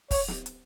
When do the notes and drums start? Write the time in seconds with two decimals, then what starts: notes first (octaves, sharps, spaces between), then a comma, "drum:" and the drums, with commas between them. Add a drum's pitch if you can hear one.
0.11 C#5, drum: kick, open hi-hat
0.28 drum: snare
0.46 drum: hi-hat